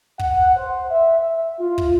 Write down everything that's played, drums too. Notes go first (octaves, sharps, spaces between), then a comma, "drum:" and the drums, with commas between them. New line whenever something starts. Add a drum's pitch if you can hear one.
F#5, drum: kick
C5
E5
E5
F4
drum: kick